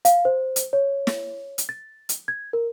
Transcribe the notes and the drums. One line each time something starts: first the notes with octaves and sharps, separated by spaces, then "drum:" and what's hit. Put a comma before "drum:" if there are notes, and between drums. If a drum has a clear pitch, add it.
F5, drum: hi-hat
C5
drum: hi-hat
C#5
drum: snare
drum: hi-hat
A6
drum: hi-hat
G#6
A#4